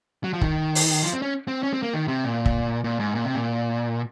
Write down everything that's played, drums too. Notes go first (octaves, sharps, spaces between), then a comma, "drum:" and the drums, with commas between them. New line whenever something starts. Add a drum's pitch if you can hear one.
F#3
F3
D#3, drum: kick
drum: open hi-hat
F3
C4
C#4
C4
C#4
C4
A#3
D#3
C3
A#2
drum: kick
A#2
G#2
A#2
C3
A#2